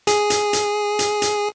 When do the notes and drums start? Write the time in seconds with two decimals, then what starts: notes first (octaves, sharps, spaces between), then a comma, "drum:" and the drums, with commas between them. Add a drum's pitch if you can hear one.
0.07 G#4, drum: hi-hat
0.30 drum: hi-hat
0.53 drum: hi-hat
0.99 drum: hi-hat
1.22 drum: hi-hat